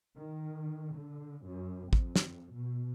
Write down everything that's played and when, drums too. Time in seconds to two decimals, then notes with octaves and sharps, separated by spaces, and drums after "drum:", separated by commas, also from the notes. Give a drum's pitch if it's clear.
0.16 D#3
0.95 D3
1.45 F#2
1.93 F2, drum: kick
2.16 drum: snare
2.53 B2